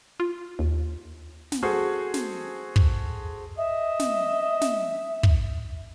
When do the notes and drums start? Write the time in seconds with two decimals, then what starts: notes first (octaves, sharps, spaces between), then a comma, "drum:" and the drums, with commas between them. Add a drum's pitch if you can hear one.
0.20 F4
0.59 D#2
1.52 drum: snare
1.63 F#4 G#4 A4 C5
2.14 drum: snare
2.76 drum: kick
3.58 D#5 E5
4.00 drum: snare
4.61 drum: snare
5.23 drum: kick